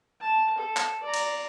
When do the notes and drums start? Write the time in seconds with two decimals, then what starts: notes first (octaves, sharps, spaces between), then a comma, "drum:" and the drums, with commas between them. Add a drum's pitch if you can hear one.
0.21 A5
0.58 A4
0.76 drum: clap
1.03 D5 A#5
1.14 drum: cymbal